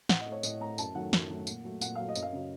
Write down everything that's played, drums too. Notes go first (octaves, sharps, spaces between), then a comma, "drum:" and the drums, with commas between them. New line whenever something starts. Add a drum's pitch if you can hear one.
A2 F#5, drum: snare
D#5
A3
C#5
A2 D#5, drum: tambourine
A3 A#5
F#2 A5, drum: tambourine
D#3 F#3 A3 F#5
F#2, drum: snare
D#3 F#3 A3
A#2, drum: tambourine
F#3 A3
A#2 F#5, drum: tambourine
F#3 A3 F5
D#5
F#2, drum: tambourine
F5
C#3 F#3